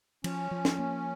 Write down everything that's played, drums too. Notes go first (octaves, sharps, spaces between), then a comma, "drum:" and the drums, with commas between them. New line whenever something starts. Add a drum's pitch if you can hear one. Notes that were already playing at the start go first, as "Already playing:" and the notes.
F3 C#4, drum: cymbal
F3
drum: snare
A#3